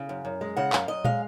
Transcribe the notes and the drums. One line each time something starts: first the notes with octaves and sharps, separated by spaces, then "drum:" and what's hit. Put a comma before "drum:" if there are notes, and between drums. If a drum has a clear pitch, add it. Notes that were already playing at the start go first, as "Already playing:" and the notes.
Already playing: C#3
F#2
F#2
G#3
C#3 F#5
F#2 F5, drum: clap
F#2 D#5
G#3 F5, drum: tom A#2